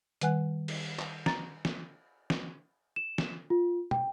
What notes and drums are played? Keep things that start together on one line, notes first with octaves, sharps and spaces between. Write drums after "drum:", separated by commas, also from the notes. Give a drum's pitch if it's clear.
D#3 G3 B4 F#5 G#5 F#6, drum: hi-hat
drum: cymbal
drum: clap
A#5 A6, drum: snare
drum: snare
drum: snare
E7
drum: snare
F4
G5, drum: tom